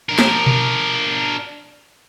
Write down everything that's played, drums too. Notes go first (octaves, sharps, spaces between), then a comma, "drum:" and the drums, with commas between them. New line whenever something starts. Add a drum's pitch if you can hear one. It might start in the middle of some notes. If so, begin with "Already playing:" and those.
D4 A#4
drum: snare
drum: tom B2